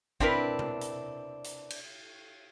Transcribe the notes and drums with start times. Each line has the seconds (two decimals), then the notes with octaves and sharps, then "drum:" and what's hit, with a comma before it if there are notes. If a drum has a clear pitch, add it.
0.20 C4 D4 E4 A#4 B4, drum: kick
0.59 drum: tom C3
0.81 drum: hi-hat
1.44 drum: hi-hat
1.70 drum: cymbal